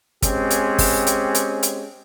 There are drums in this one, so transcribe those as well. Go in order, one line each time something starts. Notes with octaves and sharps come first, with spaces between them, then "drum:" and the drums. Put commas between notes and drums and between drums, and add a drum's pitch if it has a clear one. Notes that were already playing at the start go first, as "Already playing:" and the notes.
G#3 C4 C#4 G4, drum: kick, hi-hat
drum: hi-hat
drum: kick, open hi-hat
drum: hi-hat
drum: hi-hat
drum: hi-hat